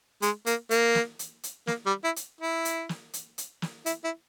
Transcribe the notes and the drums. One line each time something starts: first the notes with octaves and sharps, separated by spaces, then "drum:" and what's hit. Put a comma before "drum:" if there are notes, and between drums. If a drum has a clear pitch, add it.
G#3, drum: hi-hat
A#3, drum: hi-hat
A#3, drum: hi-hat
drum: snare
drum: hi-hat
drum: hi-hat
A#3, drum: snare
G3
E4
drum: hi-hat
E4
drum: hi-hat
drum: snare
drum: hi-hat
drum: hi-hat
drum: snare
E4, drum: hi-hat
E4